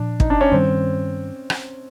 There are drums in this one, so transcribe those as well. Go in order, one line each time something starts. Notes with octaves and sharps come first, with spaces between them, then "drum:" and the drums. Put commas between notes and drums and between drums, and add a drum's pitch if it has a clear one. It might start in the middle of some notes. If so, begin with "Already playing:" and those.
Already playing: A#2 F3 D4
D#4, drum: kick
D4
C#4
G2 D#3 G3 C4
drum: rim click